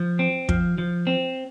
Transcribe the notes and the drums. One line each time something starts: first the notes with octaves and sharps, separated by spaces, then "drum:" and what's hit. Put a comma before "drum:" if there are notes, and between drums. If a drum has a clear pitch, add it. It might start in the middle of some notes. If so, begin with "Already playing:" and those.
Already playing: F3
C4
F3, drum: kick
F3
C4